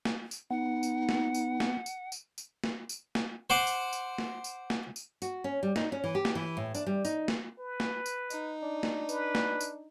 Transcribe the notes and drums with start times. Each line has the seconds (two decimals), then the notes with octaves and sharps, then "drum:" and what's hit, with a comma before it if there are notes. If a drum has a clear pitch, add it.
0.05 drum: snare
0.31 drum: tambourine
0.51 B3 D#4 F#5
0.83 drum: tambourine
1.09 drum: snare
1.34 drum: tambourine
1.60 drum: snare
1.86 drum: tambourine
2.12 drum: tambourine
2.38 drum: tambourine
2.64 drum: snare
2.89 drum: tambourine
3.15 drum: snare
3.50 C5 F#5 C6 D6
3.67 drum: tambourine
3.93 drum: tambourine
4.18 drum: snare
4.44 drum: tambourine
4.70 drum: snare
4.96 drum: tambourine
5.22 F#4, drum: tambourine
5.44 C#4
5.63 G3
5.76 D#4, drum: snare
5.92 C#4
6.04 E3
6.15 G4
6.25 drum: snare
6.35 E3
6.57 A2
6.75 D4, drum: tambourine
6.86 G3
7.05 D#4, drum: tambourine
7.28 drum: snare
7.59 B4
7.80 drum: snare
8.06 drum: tambourine
8.30 D#4, drum: tambourine
8.63 D4
8.83 drum: snare
9.09 B4, drum: tambourine
9.35 drum: snare
9.61 drum: tambourine